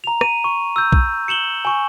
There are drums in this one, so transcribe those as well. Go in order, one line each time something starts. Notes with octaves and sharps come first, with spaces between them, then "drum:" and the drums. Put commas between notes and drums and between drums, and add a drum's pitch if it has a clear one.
A#5 F7
D#7, drum: rim click
C#6
E6 G6
drum: kick
C#7 E7 F#7 G7
G#5 C#6